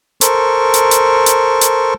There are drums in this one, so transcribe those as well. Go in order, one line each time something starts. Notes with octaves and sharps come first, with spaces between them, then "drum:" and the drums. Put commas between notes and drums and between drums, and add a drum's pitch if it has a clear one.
A4 A#4 C5 C#6, drum: hi-hat
drum: hi-hat
drum: hi-hat
drum: hi-hat
drum: hi-hat